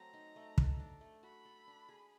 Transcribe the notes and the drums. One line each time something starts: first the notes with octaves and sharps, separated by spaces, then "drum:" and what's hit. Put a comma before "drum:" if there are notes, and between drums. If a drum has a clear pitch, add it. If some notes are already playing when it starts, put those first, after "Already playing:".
Already playing: F#3 A3 C4 A#5
D#4
A3
A4, drum: kick
D4
A3
F#4 B5
A4
D4
G#4